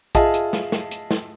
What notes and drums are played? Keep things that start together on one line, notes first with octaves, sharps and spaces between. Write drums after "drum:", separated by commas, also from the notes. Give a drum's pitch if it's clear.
F4 G#4 D#5 E5 A5, drum: kick, hi-hat
drum: hi-hat
drum: snare
drum: snare
drum: hi-hat
drum: snare